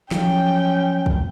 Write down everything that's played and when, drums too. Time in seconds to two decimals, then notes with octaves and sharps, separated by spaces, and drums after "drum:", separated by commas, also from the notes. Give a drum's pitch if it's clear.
0.11 F3 F#3 C#4 G5, drum: snare
1.06 drum: kick